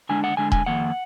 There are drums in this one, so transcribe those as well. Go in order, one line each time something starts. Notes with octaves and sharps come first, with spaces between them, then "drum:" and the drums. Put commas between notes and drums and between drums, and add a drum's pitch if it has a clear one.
D3 G#3 D4 G#5
F#5
D3 G#3 D4 G#5
G#5, drum: kick D#1
F2 D#3 A#3 F#5